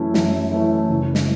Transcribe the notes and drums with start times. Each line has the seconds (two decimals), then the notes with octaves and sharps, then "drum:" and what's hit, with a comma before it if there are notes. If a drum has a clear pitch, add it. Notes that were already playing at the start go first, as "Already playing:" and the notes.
Already playing: F#2 E3 A3 C#4 E4
0.14 F#2, drum: snare
0.51 E3 A3 C#4 E4
0.90 F#1
1.15 drum: snare